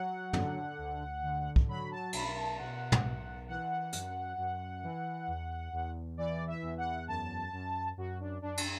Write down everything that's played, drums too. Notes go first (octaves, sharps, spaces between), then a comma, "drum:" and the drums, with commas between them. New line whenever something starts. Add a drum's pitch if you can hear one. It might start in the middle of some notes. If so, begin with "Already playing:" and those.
Already playing: F#3 F#5
D3, drum: tom
D2
D3
drum: kick
F#3 B5
A5
B1 B5, drum: cymbal
A5
B2 F#5
drum: tom
B1
E3 F#5
F#2, drum: hi-hat
F#2
E3
E2
E2
E3 D5
E5
E2
F#5
F#2 A5
F#2
F#2 F#4
D4
F#2 D4
drum: cymbal